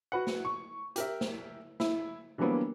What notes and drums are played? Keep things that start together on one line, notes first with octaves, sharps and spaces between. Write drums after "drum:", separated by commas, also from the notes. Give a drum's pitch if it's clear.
F#4 B4 F#5
drum: snare
C#6
G4 A#4 E5, drum: hi-hat
drum: snare
E4, drum: snare
D3 E3 F#3 G3 A#3 B3